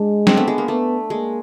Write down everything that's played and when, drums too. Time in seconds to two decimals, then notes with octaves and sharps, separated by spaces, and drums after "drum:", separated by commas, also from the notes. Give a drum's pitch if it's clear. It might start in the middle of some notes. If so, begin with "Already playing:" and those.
Already playing: G#3 D4
0.27 C4 D4, drum: snare
0.37 A3 B3
0.48 G#3
0.58 A#3
0.68 A3 B3
1.10 G#3 A#3